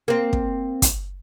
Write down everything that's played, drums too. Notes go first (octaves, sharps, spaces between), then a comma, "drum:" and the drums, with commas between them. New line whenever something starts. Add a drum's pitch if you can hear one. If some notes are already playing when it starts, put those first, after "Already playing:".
A#3 C4
drum: kick
drum: kick, hi-hat